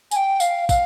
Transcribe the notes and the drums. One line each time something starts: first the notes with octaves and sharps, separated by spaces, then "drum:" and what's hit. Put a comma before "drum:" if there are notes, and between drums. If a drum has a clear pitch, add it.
G#5, drum: tambourine
G5
F5, drum: tambourine
F5, drum: kick, tambourine